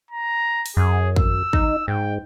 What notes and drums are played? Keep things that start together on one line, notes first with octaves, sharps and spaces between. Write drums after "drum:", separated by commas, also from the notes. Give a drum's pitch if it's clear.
A#5
drum: open hi-hat
F#2 G#4
E6, drum: kick
D#4, drum: kick
G#2 G5